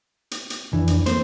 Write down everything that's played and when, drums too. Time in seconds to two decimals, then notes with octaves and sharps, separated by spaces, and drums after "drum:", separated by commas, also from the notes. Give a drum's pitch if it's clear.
0.31 drum: hi-hat
0.50 drum: hi-hat
0.73 F2 E3 D4
0.87 drum: hi-hat
1.06 A3 A#3 C4 C5, drum: hi-hat